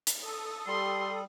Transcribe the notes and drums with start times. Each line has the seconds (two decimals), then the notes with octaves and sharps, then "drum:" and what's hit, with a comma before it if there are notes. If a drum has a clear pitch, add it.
0.07 drum: hi-hat
0.23 A4 D#6
0.67 G3 G4 C6